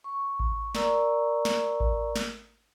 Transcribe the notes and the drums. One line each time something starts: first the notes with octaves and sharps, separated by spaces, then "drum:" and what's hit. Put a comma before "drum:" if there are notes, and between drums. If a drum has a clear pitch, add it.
C#6
drum: kick A1
A#4 D5 A#5 C#6 E6, drum: snare
drum: snare
drum: kick A1
drum: snare